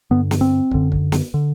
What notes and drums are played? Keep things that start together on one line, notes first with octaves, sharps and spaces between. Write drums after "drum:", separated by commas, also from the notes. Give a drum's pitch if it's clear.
G2 D3 B3
drum: snare
C4
F#2 D3, drum: kick
drum: kick
drum: snare
D3